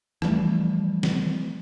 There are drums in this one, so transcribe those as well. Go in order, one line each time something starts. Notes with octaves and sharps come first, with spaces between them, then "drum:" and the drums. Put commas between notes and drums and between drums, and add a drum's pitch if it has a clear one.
E3 F3 G3 A3, drum: rim click
drum: snare